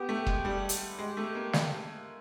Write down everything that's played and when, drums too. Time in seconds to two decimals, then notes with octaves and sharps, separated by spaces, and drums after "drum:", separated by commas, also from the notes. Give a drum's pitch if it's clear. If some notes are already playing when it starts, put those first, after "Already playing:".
Already playing: B3 G4
0.09 A3
0.27 G#3, drum: kick
0.45 G3
0.69 drum: hi-hat
0.99 G#3 G4
1.17 A3
1.35 A#3
1.53 G#3, drum: snare